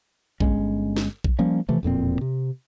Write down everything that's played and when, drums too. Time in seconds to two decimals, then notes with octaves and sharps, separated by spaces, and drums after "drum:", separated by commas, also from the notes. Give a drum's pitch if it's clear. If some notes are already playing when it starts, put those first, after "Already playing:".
0.40 G1 G#3 C#4, drum: kick A#1
0.96 drum: snare
1.24 drum: kick A#1
1.39 F3 G3 A#3 C#4
1.69 C3 E3 F3 A3
1.83 E1 F2 A#2 C4
2.21 C3